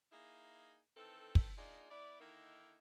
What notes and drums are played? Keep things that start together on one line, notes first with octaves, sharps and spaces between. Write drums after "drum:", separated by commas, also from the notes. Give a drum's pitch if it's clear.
A#3 D#4 E4 G#4
D#3 E3 C4 A4
drum: kick
A#3 D4 D#4 F4 G#4
B3 E4 D5
D3 D#3 A#3 D#4 E4